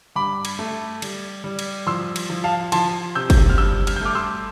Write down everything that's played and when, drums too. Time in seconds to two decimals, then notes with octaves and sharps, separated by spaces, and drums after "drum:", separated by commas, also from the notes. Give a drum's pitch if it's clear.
0.16 G2 B5 D6
0.45 drum: cymbal
0.59 A3
1.02 G3, drum: cymbal
1.44 G3
1.59 drum: cymbal
1.87 F3 C6 E6
2.16 drum: cymbal
2.30 F3
2.44 F5 A5
2.72 F3 A5 C6, drum: cymbal
3.15 C3 E6 G6
3.30 drum: kick, cymbal
3.50 F6
3.58 G2 E6 G6
3.87 F6, drum: cymbal
3.96 G6
4.01 A3 D6 F6
4.15 C6 E6